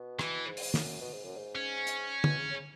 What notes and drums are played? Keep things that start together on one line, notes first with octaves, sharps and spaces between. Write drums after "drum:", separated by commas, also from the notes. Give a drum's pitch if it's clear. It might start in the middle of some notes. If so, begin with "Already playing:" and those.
Already playing: B2
E3, drum: rim click
G#2
drum: open hi-hat
F#2, drum: snare
B2
G#2
F#2
G#2
C#4
drum: hi-hat
B2, drum: tom
C#3
C#3